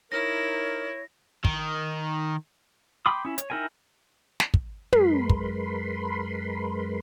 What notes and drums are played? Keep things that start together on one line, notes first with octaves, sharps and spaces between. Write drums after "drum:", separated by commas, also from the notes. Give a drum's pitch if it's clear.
D#4 E4 A#4 C#5 A#6
D#3, drum: kick
G5 B5 C6 D6 D#6
C#4 E4
C#5, drum: hi-hat
D#4 E4 A#4 G5 G#5
drum: snare
drum: kick
F#2 G#3 A#4 B4 B5 C6, drum: tom
drum: kick